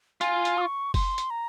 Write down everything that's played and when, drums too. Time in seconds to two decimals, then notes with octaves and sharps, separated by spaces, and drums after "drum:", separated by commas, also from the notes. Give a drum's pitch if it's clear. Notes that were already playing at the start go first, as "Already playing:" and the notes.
0.21 F4 G#5, drum: hi-hat
0.45 drum: hi-hat
0.57 E6
0.61 C#6
0.94 C6, drum: kick F#1, open hi-hat
1.18 drum: hi-hat
1.30 A#5